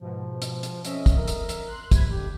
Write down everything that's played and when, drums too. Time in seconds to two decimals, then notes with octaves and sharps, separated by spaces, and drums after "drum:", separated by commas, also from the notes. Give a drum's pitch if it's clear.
0.01 G#2 B2 F3
0.42 drum: hi-hat
0.63 drum: hi-hat
0.85 F2 C#4 D#5 E5, drum: hi-hat
1.06 drum: kick, hi-hat
1.17 A#4
1.28 drum: hi-hat
1.49 drum: hi-hat
1.67 C6 F#6
1.91 C3 B5 G#6, drum: kick, hi-hat
2.09 D3 G4